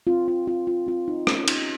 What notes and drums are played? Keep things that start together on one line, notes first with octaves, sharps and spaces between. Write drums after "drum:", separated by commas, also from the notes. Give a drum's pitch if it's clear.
C4 F4
F4
C4 F4
F4
C4 F4
D#4
C4 C#4, drum: rim click
D#4, drum: cymbal